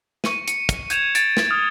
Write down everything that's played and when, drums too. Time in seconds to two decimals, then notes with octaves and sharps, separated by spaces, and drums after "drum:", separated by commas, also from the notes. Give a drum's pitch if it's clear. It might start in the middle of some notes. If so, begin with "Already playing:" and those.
0.24 C#6 C#7 D#7, drum: snare
0.48 C#7, drum: hi-hat
0.69 drum: kick, hi-hat
0.90 G6 G#6 E7 F7, drum: hi-hat
1.15 A6 D7, drum: hi-hat
1.37 drum: snare
1.50 D#6 F6 A6